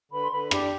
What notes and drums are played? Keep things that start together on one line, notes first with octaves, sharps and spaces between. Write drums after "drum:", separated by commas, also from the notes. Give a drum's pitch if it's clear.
D3 B4 B5
C6
D3 B4 B5
D4 G4 D5, drum: rim click